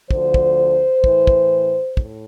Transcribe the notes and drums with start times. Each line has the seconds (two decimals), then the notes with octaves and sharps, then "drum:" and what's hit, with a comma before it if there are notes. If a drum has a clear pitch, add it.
0.11 D2 D3 F3 C5, drum: kick
0.34 drum: kick
1.04 A2 E3, drum: kick
1.27 drum: kick
1.97 A2, drum: kick